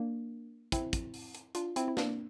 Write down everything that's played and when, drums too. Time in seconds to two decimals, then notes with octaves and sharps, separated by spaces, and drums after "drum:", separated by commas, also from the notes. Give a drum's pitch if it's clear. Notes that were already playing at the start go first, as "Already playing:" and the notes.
Already playing: A#3 D4
0.72 C4 E4, drum: kick, hi-hat
0.93 drum: kick, hi-hat
1.14 drum: open hi-hat
1.35 drum: hi-hat
1.55 D4 F4, drum: hi-hat
1.76 C4 E4, drum: hi-hat
1.88 E4
1.97 A#3 D4, drum: snare